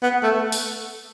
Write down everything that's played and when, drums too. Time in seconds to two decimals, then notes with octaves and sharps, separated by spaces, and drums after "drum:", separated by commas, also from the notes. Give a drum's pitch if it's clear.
0.03 B3
0.23 A3
0.52 drum: open hi-hat